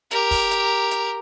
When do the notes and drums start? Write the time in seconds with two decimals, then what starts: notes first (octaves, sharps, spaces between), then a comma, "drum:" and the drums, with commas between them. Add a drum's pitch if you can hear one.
0.11 G4 A#4, drum: hi-hat
0.31 drum: kick, open hi-hat
0.51 drum: hi-hat
0.91 drum: hi-hat